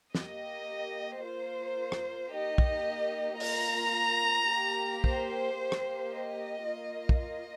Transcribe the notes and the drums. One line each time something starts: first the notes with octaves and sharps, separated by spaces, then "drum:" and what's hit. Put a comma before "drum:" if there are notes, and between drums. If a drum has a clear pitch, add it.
A#3 G4 D#5, drum: snare
A#3 F4 C5
drum: rim click
A#3 D#4 G4 D#5
drum: kick
A#3 F4 A#5, drum: open hi-hat
A#3 G4
C5, drum: kick
A#3 G4
drum: rim click
D#5
A#3 F4
drum: kick
D#5